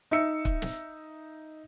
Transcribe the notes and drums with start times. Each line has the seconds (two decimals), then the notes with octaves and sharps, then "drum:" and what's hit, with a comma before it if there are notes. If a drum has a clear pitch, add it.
0.11 D#4 E5 E6 C#7
0.45 drum: kick
0.62 drum: snare